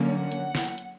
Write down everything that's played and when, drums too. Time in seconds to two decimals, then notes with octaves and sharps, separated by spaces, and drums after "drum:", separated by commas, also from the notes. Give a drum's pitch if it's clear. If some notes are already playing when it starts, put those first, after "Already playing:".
Already playing: D3 F#3 A#3 C#4
0.09 F#5
0.31 drum: hi-hat
0.55 drum: snare
0.78 drum: hi-hat